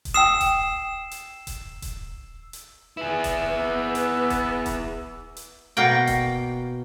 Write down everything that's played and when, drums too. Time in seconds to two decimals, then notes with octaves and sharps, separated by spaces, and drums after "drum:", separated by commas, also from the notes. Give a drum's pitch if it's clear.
0.05 drum: kick D#1, hi-hat
0.14 G5 D#6 E6 C7 E7
0.41 drum: kick D#1, hi-hat
1.11 drum: hi-hat
1.47 drum: kick D#1, hi-hat
1.82 drum: kick D#1, hi-hat
2.53 drum: hi-hat
2.97 E4 G#4 B4
3.24 drum: kick D#1, hi-hat
3.59 B3 E6
3.95 drum: hi-hat
4.30 drum: kick D#1, hi-hat
4.66 drum: kick D#1, hi-hat
5.37 drum: hi-hat
5.77 B2 A#3 G5
6.07 drum: kick D#1, hi-hat